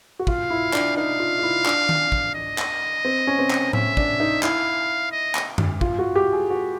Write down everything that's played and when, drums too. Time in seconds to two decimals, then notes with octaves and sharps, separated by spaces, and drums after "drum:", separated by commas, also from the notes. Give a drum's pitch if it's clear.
0.19 F#4
0.27 F4 F5, drum: kick
0.50 E4
0.73 D4, drum: clap
0.97 D#4 F5
1.20 F4
1.39 F4
1.43 E4
1.66 D4, drum: clap
1.89 drum: tom D#3
2.12 drum: kick
2.35 D#5
2.58 drum: clap
3.05 C4
3.27 C#4
3.39 C4
3.50 drum: clap
3.73 C#4 E5, drum: tom A2
3.97 D4, drum: kick
4.20 D#4
4.43 E4 F5, drum: clap
5.12 D#5
5.35 drum: clap
5.58 drum: tom F#2
5.81 F4, drum: kick
5.99 F#4
6.16 G4
6.33 G#4
6.50 F#4